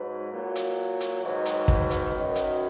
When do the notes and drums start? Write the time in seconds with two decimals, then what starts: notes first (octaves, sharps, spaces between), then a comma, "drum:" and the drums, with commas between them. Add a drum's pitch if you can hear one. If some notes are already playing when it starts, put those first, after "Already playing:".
Already playing: G#2 F#3 B4
0.33 A#2 F#3
0.55 drum: hi-hat
1.00 drum: hi-hat
1.23 G#2 D#3 F#3 B4
1.45 drum: hi-hat
1.68 drum: kick
1.90 drum: hi-hat
2.13 F#2 D#3 F#3
2.35 drum: hi-hat